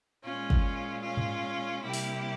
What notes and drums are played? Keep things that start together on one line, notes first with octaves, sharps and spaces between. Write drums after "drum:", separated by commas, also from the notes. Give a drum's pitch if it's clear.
A#2 G#3 C#4 F4
drum: kick
C#4 F4
drum: tom G#2
C3 G3 A#3 E4 G4
drum: open hi-hat